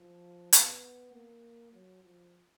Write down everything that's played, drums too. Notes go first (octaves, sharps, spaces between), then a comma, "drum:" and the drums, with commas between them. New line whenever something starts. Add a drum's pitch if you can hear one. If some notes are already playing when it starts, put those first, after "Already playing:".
Already playing: F3
B3, drum: hi-hat
A#3
F#3
F3